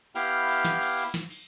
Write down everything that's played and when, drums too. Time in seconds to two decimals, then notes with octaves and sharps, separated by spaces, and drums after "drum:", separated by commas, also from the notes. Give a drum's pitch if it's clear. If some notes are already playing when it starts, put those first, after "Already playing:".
0.15 B3 E4 G4 F5 G5 F6, drum: cymbal
0.48 drum: cymbal
0.65 drum: snare
0.81 drum: cymbal
0.97 drum: cymbal
1.14 drum: snare
1.30 drum: cymbal